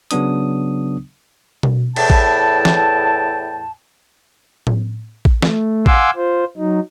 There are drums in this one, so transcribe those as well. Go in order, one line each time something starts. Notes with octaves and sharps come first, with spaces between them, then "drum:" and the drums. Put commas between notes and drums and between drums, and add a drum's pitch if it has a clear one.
C#3 F#3 B3 D4 D#6, drum: hi-hat
drum: tom B2
E2 A2 G5 A5, drum: cymbal
drum: kick A1
drum: snare
drum: tom A2
drum: kick A1
A3, drum: snare
F5 F#5 G#5 C6 D6 E6, drum: kick A1
F4 C5
F#3 D#4